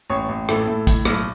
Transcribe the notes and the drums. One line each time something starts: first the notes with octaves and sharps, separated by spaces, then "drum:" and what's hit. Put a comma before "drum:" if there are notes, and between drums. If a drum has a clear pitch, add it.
A1 C#5
A1
A2 A4, drum: rim click
A2
A2, drum: kick, hi-hat
B1, drum: rim click